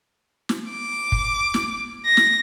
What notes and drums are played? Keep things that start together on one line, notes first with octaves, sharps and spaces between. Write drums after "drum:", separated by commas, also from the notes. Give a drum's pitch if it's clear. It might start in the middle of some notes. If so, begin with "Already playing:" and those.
drum: snare
D6
drum: kick
drum: snare
A#6
drum: snare